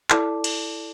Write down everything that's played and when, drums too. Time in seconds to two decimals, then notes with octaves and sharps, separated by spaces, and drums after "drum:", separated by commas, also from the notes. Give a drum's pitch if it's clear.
0.10 E4 A4 D5 A5 D6, drum: clap
0.44 drum: cymbal